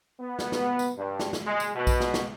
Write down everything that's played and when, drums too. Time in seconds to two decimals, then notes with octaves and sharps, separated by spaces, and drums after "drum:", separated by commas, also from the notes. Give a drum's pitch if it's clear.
0.20 B3
0.39 drum: snare
0.52 drum: snare
0.79 drum: tambourine
0.98 G2
1.20 drum: snare
1.33 drum: snare
1.46 G#3
1.60 drum: tambourine
1.76 B2
1.87 drum: kick A#1, tambourine
2.00 drum: snare
2.14 drum: snare